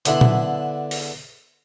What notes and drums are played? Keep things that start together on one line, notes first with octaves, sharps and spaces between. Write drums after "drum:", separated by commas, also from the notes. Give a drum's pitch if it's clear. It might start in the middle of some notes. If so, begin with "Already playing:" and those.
D3 B3 D4 E4 B5 C6, drum: hi-hat
drum: tom A#2
drum: open hi-hat